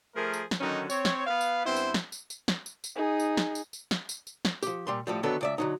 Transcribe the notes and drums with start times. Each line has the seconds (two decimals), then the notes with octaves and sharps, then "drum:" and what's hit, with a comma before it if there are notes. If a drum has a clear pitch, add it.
0.16 F3 A3 G#4 A#4
0.33 drum: tambourine
0.51 drum: snare
0.61 D3 D#3 F#3 C#4 D#4
0.90 C4 C#5, drum: tambourine
1.05 drum: snare
1.27 B3 B4 F5
1.41 drum: tambourine
1.66 G2 B3 C4 E4 C5
1.76 drum: tambourine
1.94 drum: snare
2.12 drum: tambourine
2.30 drum: tambourine
2.48 drum: snare
2.66 drum: tambourine
2.84 drum: tambourine
2.96 D#4 G#4
3.20 drum: tambourine
3.37 drum: snare
3.55 drum: tambourine
3.73 drum: tambourine
3.91 drum: snare
4.09 drum: tambourine
4.27 drum: tambourine
4.45 drum: snare
4.63 F3 G4, drum: tambourine
4.87 A#2 G3 C6
5.07 A2 F3 G3
5.23 D3 D#3 F#3 B3 A4
5.41 C#2 D5 E5
5.58 D3 F#3 D#4